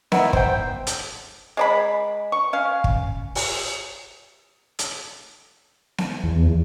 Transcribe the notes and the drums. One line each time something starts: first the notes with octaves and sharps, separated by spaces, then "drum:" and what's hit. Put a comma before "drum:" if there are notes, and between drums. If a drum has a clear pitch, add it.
D#3 B3 E4, drum: snare B3
C5 G5, drum: kick
drum: hi-hat
G#3 D5 B5
C#6
C#4 F5
drum: kick
drum: open hi-hat
drum: hi-hat
drum: snare B3
E2